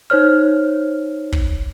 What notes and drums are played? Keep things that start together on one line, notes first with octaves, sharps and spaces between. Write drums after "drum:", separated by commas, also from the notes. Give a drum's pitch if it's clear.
D#4 C5 C#5 F6
drum: kick